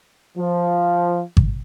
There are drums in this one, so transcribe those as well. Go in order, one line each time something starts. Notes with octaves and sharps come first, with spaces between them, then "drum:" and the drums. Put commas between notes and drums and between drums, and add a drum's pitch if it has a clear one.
F3
drum: kick G#1